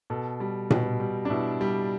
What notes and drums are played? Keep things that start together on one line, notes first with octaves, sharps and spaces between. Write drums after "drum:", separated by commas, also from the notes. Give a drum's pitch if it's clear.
B2 A4
G3
B2, drum: tom A#2
G3
D4
B2 E4
G3